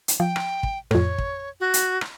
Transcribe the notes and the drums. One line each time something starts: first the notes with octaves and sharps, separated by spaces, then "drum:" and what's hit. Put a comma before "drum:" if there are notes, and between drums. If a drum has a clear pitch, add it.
drum: hi-hat
F3 G5
drum: rim click
drum: kick
F2 A2 C#5, drum: rim click
drum: kick
F#4
drum: hi-hat
drum: rim click